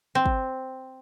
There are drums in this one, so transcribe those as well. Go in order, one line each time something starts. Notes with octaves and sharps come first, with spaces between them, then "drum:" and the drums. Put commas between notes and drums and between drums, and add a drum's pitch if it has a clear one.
C4
drum: kick